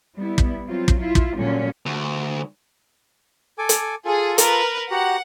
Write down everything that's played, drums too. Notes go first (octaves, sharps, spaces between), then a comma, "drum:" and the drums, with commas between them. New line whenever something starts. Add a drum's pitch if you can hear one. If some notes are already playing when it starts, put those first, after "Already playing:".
G3 B3 E4
drum: kick
F#3 C4 F4
drum: kick
E4 F4
drum: kick
A#2 D3 F#3 G3 C#4
D2
A4 G#5 D6
drum: hi-hat
F4 G#4 A4
A#4 B4, drum: hi-hat
F#4 G4 F#5 A#5